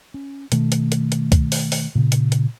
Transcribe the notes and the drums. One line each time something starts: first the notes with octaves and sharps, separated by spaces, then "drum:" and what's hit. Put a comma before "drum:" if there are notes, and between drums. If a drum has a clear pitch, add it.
C#4
B2 D#3 A3, drum: hi-hat
drum: hi-hat
drum: hi-hat
drum: hi-hat
drum: kick, hi-hat
drum: open hi-hat
drum: open hi-hat
A#2 C#3
drum: hi-hat
drum: hi-hat